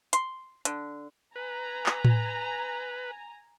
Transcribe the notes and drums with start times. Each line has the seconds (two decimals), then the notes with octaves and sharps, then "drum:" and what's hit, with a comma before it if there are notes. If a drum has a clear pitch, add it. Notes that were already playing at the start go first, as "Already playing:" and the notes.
0.13 C6, drum: hi-hat
0.65 D3, drum: hi-hat
1.36 B4 G#5 A#5
1.86 drum: clap
2.05 drum: tom A2